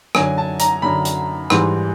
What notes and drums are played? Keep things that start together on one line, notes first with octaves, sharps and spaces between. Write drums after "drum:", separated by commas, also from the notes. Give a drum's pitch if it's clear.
F#2 D3 F#3 G#5, drum: rim click
A5
A#5, drum: hi-hat
F#2 D3 F#3 B5
drum: hi-hat
G#2 E3 G3 C6, drum: rim click